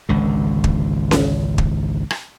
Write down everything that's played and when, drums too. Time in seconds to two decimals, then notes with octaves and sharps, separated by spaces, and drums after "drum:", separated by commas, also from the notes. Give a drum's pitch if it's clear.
0.09 G#1 C#2 D3
0.64 drum: kick
1.11 drum: snare C#4
1.58 drum: kick
2.10 drum: rim click